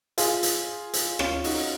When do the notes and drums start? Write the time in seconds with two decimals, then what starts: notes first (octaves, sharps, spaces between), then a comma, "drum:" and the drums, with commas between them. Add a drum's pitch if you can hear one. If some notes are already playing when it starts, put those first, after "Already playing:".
0.18 F4 G#4, drum: hi-hat
0.43 drum: hi-hat
0.93 drum: hi-hat
1.19 C#4 F4, drum: rim click
1.44 D#4 F#4, drum: open hi-hat